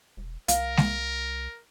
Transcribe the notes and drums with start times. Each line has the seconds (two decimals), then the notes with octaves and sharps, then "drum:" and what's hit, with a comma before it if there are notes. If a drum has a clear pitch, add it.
0.17 E1
0.48 C2 A#4 F5, drum: hi-hat
0.77 drum: snare